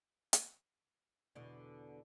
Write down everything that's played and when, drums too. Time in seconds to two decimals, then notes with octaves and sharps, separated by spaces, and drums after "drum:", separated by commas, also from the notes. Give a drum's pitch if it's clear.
0.33 drum: hi-hat
1.35 E2 B2 D3